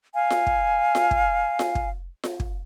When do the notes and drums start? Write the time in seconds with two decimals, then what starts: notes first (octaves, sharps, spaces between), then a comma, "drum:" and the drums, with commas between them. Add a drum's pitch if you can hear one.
0.14 F5 G#5
0.30 drum: snare F4
0.47 drum: kick
0.95 drum: snare F4
1.11 drum: kick
1.59 drum: snare F4
1.75 drum: kick
2.24 drum: snare F4
2.40 drum: kick